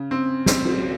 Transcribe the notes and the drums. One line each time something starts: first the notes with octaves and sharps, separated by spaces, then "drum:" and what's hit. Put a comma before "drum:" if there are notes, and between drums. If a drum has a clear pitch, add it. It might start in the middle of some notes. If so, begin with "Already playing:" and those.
Already playing: C#3
C4
C4, drum: snare
drum: cymbal